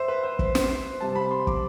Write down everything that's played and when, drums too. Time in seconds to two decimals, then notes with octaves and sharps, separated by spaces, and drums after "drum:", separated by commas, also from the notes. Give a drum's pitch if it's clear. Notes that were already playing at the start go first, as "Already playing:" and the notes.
Already playing: C5 E5
0.08 B4
0.23 C5
0.39 C5, drum: kick
0.55 C5, drum: snare
0.70 C5
1.00 C3 G3 C4 A5
1.15 B5
1.31 C6
1.47 D6, drum: kick